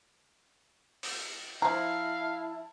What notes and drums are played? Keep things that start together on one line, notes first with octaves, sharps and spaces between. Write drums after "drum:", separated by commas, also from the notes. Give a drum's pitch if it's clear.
drum: open hi-hat
F3 E4 F5 A5 A#5